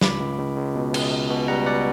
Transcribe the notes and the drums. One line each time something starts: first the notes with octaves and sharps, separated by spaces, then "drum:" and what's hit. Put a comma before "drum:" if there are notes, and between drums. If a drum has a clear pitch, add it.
C#2 B5 D6, drum: snare
C#2
C#2
C#2
B2
C#2, drum: cymbal
C#2
B2
G3 F#5 A#5
B2 D5 F#5